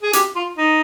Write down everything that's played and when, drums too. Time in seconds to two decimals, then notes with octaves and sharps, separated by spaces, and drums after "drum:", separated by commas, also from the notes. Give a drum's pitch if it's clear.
0.03 G#4
0.13 G4, drum: hi-hat
0.35 F4
0.58 D#4